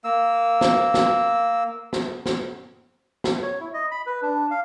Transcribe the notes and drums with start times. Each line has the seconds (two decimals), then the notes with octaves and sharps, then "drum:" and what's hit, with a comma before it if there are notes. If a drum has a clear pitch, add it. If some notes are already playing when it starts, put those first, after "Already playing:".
0.04 A#3 E6
0.61 drum: snare
0.94 drum: snare
1.93 drum: snare
2.26 drum: snare
3.24 drum: snare
3.42 C#5
3.61 E4
3.74 D#5
3.91 B5
4.06 B4
4.22 D4
4.51 F5